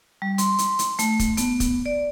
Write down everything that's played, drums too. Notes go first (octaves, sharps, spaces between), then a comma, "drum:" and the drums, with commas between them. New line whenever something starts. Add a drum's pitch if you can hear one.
G3
C6, drum: hi-hat
drum: hi-hat
drum: hi-hat
A3, drum: hi-hat
drum: kick, hi-hat
B3, drum: hi-hat
drum: kick, hi-hat
D5